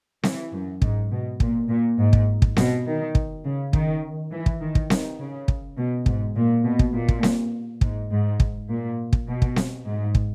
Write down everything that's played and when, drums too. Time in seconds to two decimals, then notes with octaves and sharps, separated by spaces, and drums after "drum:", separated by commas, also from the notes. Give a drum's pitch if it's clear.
0.23 E3, drum: snare C4
0.52 F#2
0.82 G#2, drum: kick
1.11 B2
1.40 A#2, drum: kick
1.69 A#2
1.98 G#2
2.13 drum: kick
2.42 drum: kick
2.57 B2, drum: snare C4
2.86 D#3
3.15 drum: kick
3.44 C#3
3.73 D#3, drum: kick
4.32 E3
4.46 drum: kick
4.61 D#3
4.75 drum: kick
4.90 D#3, drum: snare C4
5.19 C#3
5.48 drum: kick
5.77 B2
6.06 G#2, drum: kick
6.36 A#2
6.64 B2
6.79 drum: kick
6.93 A#2
7.08 drum: kick
7.23 drum: snare C4
7.81 G#2, drum: kick
8.11 G#2
8.40 drum: kick
8.69 A#2
9.13 drum: kick
9.28 B2
9.42 drum: kick
9.56 drum: snare C4
9.85 G#2
10.15 drum: kick